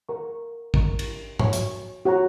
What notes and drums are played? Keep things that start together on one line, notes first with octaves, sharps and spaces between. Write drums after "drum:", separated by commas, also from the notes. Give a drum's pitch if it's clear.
A#4 F#5 A#5 C#6
A#4 D#5 A#5 C#6, drum: kick
drum: cymbal
F#4 C#5 G#5 C#6, drum: tom
drum: hi-hat
F#4 C#5 F#5 A#5 C#6